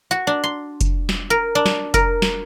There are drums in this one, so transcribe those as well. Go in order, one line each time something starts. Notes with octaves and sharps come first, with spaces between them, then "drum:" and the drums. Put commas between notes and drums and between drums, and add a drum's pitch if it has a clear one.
F#4
D4
C6
drum: kick F1, hi-hat
drum: snare
A#4
D4
drum: snare
A#4, drum: kick F1, hi-hat
drum: snare